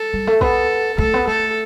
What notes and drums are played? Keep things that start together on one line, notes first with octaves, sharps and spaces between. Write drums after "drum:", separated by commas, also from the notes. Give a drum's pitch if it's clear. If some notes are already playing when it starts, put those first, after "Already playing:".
Already playing: A4
G3
A3
B3 A4, drum: kick
A3 A4, drum: kick
B3
A3 A4